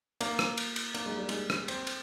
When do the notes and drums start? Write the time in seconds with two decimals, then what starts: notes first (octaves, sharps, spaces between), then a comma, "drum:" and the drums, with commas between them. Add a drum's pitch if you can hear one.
0.21 A#3, drum: cymbal
0.39 drum: rim click
0.57 drum: cymbal
0.76 drum: cymbal
0.94 A#3, drum: cymbal
1.06 G#3
1.17 G3
1.29 G#3, drum: cymbal
1.50 drum: rim click
1.68 C4, drum: cymbal
1.87 drum: cymbal